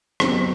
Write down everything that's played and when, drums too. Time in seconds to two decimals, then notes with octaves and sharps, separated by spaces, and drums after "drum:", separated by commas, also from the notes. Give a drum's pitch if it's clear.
0.20 F#1 F#2 F#3 B3 C4, drum: rim click